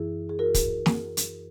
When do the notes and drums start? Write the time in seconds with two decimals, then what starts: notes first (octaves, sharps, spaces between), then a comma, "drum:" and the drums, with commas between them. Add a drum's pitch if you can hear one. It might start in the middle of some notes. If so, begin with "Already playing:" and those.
Already playing: F#2 E3 E4 G#4
0.29 G#4
0.39 F#4 A#4
0.54 drum: kick, hi-hat
0.86 drum: snare
1.17 drum: hi-hat